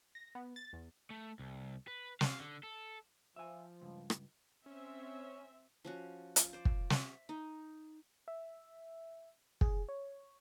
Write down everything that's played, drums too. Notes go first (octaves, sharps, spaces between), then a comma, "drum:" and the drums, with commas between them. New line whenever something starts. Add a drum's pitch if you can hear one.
A#6
B3
A6
E2
A3
C2
B4
F5, drum: snare
D3
A4
F3 E5 G#5
C#2 G2
drum: rim click
C4 C#4 E5
F3 C#4 F#4
F4, drum: hi-hat
C5 D5
drum: kick
E5, drum: snare
D#4
E5
G#4, drum: kick
C#5